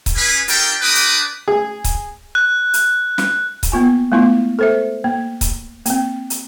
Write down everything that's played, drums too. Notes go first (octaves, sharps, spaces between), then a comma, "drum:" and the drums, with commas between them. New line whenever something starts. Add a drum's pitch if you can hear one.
drum: kick C#1, hi-hat
C#4 G#4 B4
D4 F4 G4 A4 A#4 G5, drum: hi-hat
D4 G4 A#4 B4 D6 D#6
drum: hi-hat
G#4
drum: kick C#1, hi-hat
F#6
drum: hi-hat
drum: snare
drum: kick C#1, hi-hat
A#3 B3 F4 G#5
G#3 A3 B3 E4 F4 C6
A4 C5 E5
A#3
drum: kick C#1, hi-hat
A#3 C4, drum: hi-hat
drum: hi-hat